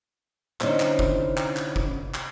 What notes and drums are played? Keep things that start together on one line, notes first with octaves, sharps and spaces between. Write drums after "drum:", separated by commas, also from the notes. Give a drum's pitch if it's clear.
D3 C#4 D#4 E4 C5, drum: clap
drum: clap
drum: kick
drum: clap
drum: clap
drum: kick
drum: clap